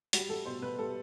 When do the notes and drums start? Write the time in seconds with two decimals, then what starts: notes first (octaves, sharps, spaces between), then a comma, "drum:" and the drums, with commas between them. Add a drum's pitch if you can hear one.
0.13 G3 F#4, drum: hi-hat
0.29 G3 A4
0.46 B2 C5
0.62 B2 B4
0.79 G3 A4